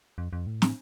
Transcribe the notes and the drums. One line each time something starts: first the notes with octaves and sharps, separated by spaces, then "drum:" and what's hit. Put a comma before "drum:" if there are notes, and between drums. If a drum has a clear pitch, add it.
F2
F2
A2
drum: snare